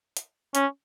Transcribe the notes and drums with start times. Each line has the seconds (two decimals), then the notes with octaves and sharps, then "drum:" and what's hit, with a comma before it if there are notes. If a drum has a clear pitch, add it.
0.17 drum: hi-hat
0.55 C#4, drum: hi-hat